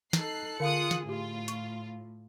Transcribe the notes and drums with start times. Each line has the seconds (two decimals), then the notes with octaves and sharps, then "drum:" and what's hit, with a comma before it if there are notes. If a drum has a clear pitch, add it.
0.13 D#4 A4 F#6 C7, drum: snare
0.60 D3 F4 G#4 F5 D#6 F#6 C#7
0.91 drum: snare
1.09 A2 F4 G4
1.48 C#6, drum: hi-hat